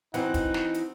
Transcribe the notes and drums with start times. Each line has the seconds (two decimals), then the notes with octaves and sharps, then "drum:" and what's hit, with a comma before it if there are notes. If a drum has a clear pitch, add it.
0.14 E3 C4 D#4 F#4 F#5, drum: hi-hat
0.34 drum: kick, hi-hat
0.54 drum: snare
0.74 drum: hi-hat